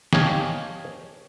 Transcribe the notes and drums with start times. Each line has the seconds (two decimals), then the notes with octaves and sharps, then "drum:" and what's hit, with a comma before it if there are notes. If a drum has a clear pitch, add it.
0.13 G4 C#5 D#5 F5 G#5 A5, drum: snare